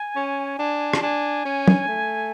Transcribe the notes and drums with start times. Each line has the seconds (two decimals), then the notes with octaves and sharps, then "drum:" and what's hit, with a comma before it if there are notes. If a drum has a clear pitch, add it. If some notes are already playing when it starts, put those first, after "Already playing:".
Already playing: G#5
0.16 C#4
0.59 D4
0.93 A5, drum: rim click
1.02 D4 G#5
1.45 C#4
1.68 drum: tom
1.88 A3